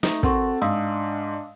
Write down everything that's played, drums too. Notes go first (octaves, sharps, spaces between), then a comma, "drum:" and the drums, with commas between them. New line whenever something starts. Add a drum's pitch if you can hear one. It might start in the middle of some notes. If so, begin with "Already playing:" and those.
A3 D#4, drum: snare
C4 F#4 A4 A#4 C6 C#6, drum: kick
G#2 D4 F5 D#6 E6